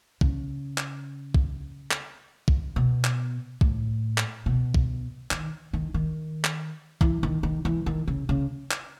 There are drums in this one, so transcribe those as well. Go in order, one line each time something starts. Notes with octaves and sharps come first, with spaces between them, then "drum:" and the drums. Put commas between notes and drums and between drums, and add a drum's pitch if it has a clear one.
C#3, drum: kick
drum: clap
drum: kick
drum: clap
drum: kick
B2
drum: clap
A2, drum: kick
drum: clap
B2
drum: kick
D#3, drum: clap
D#3
D#3
drum: clap
E3, drum: kick
D#3
D#3
E3
D#3
C#3
C#3
drum: clap